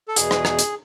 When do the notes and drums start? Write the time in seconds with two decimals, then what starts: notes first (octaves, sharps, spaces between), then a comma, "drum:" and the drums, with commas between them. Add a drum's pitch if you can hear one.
0.08 A4
0.16 E2 B2 G#4, drum: hi-hat
0.31 drum: rim click
0.45 drum: rim click
0.59 drum: hi-hat